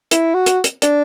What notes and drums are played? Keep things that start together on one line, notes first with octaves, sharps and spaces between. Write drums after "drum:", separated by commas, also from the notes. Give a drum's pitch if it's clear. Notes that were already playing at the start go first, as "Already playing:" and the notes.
E4, drum: hi-hat
F#4
drum: hi-hat
drum: hi-hat
D4, drum: hi-hat